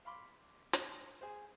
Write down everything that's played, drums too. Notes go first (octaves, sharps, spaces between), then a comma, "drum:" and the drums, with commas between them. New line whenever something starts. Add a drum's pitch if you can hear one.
F5 B5 C6 D6
drum: hi-hat
G#4 C5